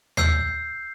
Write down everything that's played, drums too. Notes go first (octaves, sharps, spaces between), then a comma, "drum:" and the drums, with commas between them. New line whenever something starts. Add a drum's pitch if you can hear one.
E6 G6 C7, drum: tom D#2